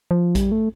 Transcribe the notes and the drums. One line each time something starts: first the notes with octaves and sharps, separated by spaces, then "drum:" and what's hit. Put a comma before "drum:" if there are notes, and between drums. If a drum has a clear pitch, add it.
F3
G3, drum: kick A#1, hi-hat
A3